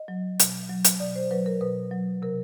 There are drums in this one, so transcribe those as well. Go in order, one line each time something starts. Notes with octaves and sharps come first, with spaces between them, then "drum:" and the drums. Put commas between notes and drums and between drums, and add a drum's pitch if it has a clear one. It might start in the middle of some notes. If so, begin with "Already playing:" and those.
Already playing: D#5
F#3
B2, drum: hi-hat
F#3
drum: hi-hat
B2 D5
C5
F#3 B4
A#4
B2 B4
F#3
C3 A#4